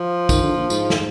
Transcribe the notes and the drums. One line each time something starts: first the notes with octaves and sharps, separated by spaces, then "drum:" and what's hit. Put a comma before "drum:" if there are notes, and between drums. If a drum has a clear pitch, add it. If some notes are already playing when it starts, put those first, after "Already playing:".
Already playing: F3
D#3, drum: kick, tambourine
D3
A#2
G#2, drum: tambourine
drum: snare